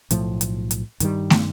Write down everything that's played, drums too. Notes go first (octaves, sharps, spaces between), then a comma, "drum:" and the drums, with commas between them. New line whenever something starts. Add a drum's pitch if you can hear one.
B1 A2 F3 A3, drum: hi-hat
drum: hi-hat
drum: hi-hat
G2 D#3 G3, drum: hi-hat
drum: snare